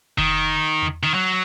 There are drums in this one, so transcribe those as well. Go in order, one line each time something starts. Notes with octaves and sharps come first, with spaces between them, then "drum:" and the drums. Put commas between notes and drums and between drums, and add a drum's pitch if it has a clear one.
D#3, drum: kick F1
drum: tom E2
D#3
F#3